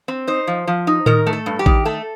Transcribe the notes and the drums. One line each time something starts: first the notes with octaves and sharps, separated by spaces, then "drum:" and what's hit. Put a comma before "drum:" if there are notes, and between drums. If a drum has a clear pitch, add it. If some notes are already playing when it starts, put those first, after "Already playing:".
C4
D#4 C5
F3
F3
D#4
D#3 A#4, drum: tom A2
A3
A4
G2
G4
D#3, drum: kick A1
A3 A4